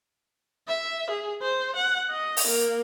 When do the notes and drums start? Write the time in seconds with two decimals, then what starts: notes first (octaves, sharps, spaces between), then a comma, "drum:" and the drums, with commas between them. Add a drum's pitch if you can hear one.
0.68 E5
1.10 G#4
1.42 C5
1.76 F#5
2.11 D#5
2.37 drum: open hi-hat
2.48 A#3